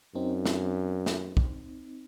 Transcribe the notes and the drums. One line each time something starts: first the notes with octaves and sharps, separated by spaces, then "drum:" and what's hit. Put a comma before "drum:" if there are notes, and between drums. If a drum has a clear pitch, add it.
F#2 C4 D#4
drum: snare
drum: snare
drum: kick